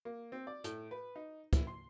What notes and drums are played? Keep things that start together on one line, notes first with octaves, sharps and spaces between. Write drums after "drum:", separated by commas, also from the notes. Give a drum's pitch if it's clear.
A#3
C4
D5
A2, drum: hi-hat
B4
D#4
E4, drum: kick, hi-hat
C6